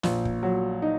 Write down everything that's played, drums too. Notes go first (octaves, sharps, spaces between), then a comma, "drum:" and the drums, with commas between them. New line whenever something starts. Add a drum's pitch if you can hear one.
A#1, drum: snare
drum: kick
F#3
D#4